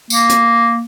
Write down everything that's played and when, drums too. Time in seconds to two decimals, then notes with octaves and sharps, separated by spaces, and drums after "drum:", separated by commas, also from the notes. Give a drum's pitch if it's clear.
0.10 A#3, drum: tambourine
0.29 drum: hi-hat